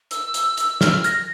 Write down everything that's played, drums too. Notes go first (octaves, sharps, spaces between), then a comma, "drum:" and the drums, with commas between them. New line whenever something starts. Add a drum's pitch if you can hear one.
E6, drum: hi-hat
drum: hi-hat
drum: hi-hat
F6, drum: snare
A#6, drum: hi-hat